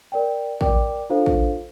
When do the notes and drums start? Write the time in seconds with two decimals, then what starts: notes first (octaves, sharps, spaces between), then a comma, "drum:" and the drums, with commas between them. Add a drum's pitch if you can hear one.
0.12 A#4 D5 G5
0.61 A#4 D5 G5 D6, drum: kick
1.10 D4 F4 A4 C5 F5
1.26 drum: kick